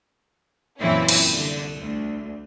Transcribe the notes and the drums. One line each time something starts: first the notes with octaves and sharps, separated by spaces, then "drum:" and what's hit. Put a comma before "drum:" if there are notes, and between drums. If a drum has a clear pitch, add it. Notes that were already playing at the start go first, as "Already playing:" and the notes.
F#2 A#2 E3 C4 C#4 E4
drum: cymbal
C2 D3
D2